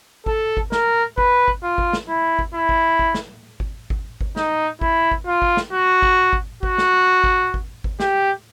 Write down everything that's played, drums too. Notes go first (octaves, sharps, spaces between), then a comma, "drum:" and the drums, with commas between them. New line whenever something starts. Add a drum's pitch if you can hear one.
A4, drum: kick G#1
drum: kick G#1
A#4, drum: snare
B4, drum: kick G#1
drum: kick G#1
F4
drum: kick G#1
drum: snare
E4
drum: kick G#1
E4
drum: kick G#1
drum: kick G#1
drum: snare
drum: kick G#1
drum: kick G#1
drum: kick G#1
D#4, drum: snare
E4, drum: kick G#1
drum: kick G#1
F4
drum: kick G#1
drum: snare
F#4
drum: kick G#1
drum: kick G#1
F#4, drum: kick G#1
drum: snare
drum: kick G#1
drum: kick G#1
drum: kick G#1
G4, drum: snare